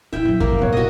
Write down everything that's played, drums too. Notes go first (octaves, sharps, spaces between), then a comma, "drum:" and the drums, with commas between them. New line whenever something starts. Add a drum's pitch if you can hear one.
A#2 D3 E4 E5 G5
F#2 F#3
E2 A#3, drum: kick F#1
C2 F#2 A#2 B3 C#5
E2 F#4 D#5